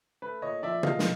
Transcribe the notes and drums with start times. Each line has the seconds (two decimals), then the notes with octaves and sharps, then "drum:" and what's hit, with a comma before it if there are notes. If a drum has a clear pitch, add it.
0.22 A3 B4
0.42 A#2 C#5 D#5
0.63 F3 D5 E5
0.83 A#2 D#5 F5, drum: tom
0.99 drum: snare